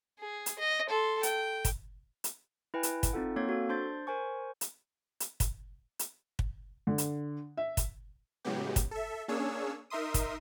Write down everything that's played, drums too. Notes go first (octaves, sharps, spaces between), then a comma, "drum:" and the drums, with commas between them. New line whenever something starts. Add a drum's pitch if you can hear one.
G#4
drum: hi-hat
D#5
A4 C6
G5, drum: hi-hat
drum: kick, hi-hat
drum: hi-hat
E4 B4 G5 G#5
drum: hi-hat
drum: kick, hi-hat
C4 D#4 F4 A4 F#5
A#3 C4 C#5 F5 G#6
F#4 A4
D4 C5 C6 G6 A6
A#4 C5 G#5 C#6
drum: hi-hat
drum: hi-hat
drum: kick, hi-hat
drum: hi-hat
drum: kick
D3
drum: hi-hat
E5
drum: kick, hi-hat
A2 C#3 F#3 G#3 B3 G4
drum: kick, hi-hat
A4 E5
A#3 C#4 D4 G#4 C#5 E6
D#4 A#4 E5 C6 D#6
drum: kick, hi-hat